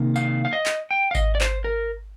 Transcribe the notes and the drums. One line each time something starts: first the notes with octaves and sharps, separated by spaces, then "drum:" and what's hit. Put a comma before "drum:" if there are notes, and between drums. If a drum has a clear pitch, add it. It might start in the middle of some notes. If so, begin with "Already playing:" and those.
Already playing: C3 D#3 A#3
F5, drum: tambourine
F5
D#5
drum: clap
G5
F5
D#5, drum: kick G#1, tambourine
D5
C5, drum: clap
A#4